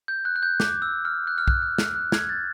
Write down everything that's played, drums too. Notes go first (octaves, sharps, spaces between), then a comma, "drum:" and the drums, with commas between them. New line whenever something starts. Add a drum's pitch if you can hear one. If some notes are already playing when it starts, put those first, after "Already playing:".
G6
F#6
F#6
G6
D6, drum: snare
E6
F6
F#6
F6
F#6, drum: kick
F#6
drum: snare
F#6
F#6 G#6, drum: snare
G6 A6